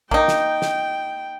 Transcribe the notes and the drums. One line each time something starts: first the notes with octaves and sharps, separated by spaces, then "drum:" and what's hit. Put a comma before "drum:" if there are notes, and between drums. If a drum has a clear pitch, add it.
A#3 D#4 G5, drum: kick A#1
drum: snare
drum: snare